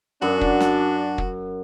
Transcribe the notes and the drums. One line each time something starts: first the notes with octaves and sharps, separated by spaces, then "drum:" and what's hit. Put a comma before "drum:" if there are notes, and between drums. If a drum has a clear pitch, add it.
F#2 D4 F#4
drum: kick
drum: snare
drum: kick